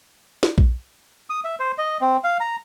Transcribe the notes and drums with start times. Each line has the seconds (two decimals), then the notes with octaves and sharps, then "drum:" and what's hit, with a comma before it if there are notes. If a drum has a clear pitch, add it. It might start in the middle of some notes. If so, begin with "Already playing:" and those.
0.43 drum: snare
0.58 drum: kick A#1
1.30 D#6
1.44 E5
1.60 C5
1.78 D#5
2.01 C4
2.24 F5
2.40 A#5